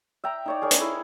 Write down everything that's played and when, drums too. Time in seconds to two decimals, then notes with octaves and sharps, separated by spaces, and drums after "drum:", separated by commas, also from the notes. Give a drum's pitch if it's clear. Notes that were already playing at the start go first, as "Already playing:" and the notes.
0.24 E5 G5 A#5
0.46 D#4 C#5 D5
0.62 G#4 A#4 C#5
0.71 drum: hi-hat
0.81 E4